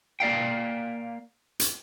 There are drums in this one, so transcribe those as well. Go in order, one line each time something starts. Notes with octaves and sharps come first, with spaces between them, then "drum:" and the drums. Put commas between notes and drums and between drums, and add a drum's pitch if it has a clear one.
A#3 D5 F5 G5
drum: hi-hat